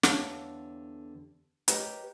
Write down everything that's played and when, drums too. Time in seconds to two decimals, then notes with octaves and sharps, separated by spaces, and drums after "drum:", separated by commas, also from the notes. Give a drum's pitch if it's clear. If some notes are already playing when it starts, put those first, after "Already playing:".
0.03 E2 D3 G4 C#5 F5 A5, drum: snare
1.68 G4 A#4 B4 C#5 D#5, drum: hi-hat